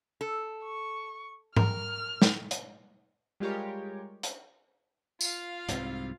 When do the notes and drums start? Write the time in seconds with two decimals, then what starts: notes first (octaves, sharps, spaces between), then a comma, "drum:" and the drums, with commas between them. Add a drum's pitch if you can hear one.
0.21 A4
0.64 C#6
1.56 A#4 F6, drum: tom G#2
2.22 drum: snare
2.51 drum: hi-hat
3.40 G3 G#3 F4 G4 A#4 C#5
4.23 drum: hi-hat
5.21 F4 F5, drum: tambourine
5.69 C2 G#2 G3 C4, drum: hi-hat